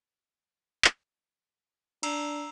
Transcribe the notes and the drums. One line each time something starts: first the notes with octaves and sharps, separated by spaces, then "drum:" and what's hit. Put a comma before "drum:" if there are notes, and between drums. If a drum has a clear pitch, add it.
drum: clap
D4 A#5 E6 C7, drum: cymbal